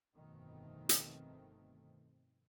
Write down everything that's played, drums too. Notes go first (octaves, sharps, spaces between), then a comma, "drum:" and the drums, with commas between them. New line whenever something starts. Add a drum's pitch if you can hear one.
G1 F2 B2 D#3 A3 C4
drum: hi-hat